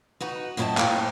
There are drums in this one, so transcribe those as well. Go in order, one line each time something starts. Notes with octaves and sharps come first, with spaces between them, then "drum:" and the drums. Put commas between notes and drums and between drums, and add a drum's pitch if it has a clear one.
D#4 F#4 B4
F#2 F3 E4 D#5 G5 A5
A2 A#3 C5 G5, drum: clap